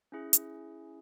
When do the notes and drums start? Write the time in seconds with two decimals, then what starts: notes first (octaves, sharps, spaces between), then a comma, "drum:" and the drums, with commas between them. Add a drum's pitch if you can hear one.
0.12 C#4 E4 G#4
0.33 drum: hi-hat